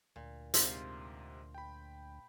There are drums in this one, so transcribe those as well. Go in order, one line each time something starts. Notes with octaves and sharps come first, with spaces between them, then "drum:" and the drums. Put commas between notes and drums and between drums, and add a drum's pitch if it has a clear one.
D2 A#2
G#2 C3 F4 C5, drum: hi-hat
G5 B5